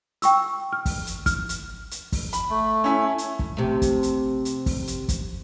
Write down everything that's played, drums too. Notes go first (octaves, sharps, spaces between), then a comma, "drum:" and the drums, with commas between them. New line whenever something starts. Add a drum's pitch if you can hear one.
G5 C#6 E6, drum: hi-hat
F6
drum: kick, open hi-hat
drum: hi-hat
F6, drum: kick, hi-hat
drum: hi-hat
drum: hi-hat
drum: kick, open hi-hat
B5, drum: hi-hat
A3
C#4 E4
drum: hi-hat
drum: kick
C3 A3
drum: kick, hi-hat
drum: hi-hat
drum: hi-hat
drum: kick, open hi-hat
drum: hi-hat
drum: kick, hi-hat